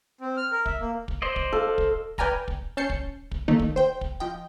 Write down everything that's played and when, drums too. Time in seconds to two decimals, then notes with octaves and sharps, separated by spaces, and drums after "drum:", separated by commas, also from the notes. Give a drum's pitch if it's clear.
0.21 C4
0.37 F6
0.51 A#4
0.66 E5, drum: kick
0.81 A#3
1.08 drum: kick
1.22 C5 D5 D#5
1.36 drum: kick
1.53 A4 F5
1.78 drum: kick
2.18 B4 D5 G5 G#5 A#5 F6, drum: kick
2.48 drum: kick
2.77 C#4 A5 G6 C7 C#7
2.90 drum: kick
3.31 drum: kick
3.48 D#3 A3 A#3 D#4
3.59 drum: kick
3.76 C5 G5
4.01 drum: kick
4.20 F3 D#5 G5